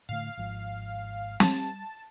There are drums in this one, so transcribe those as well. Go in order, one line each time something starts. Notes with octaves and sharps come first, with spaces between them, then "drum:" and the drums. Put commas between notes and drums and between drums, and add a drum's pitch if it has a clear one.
A2 D3 A3 F5
G#1 G#2 F3
G3 A5, drum: snare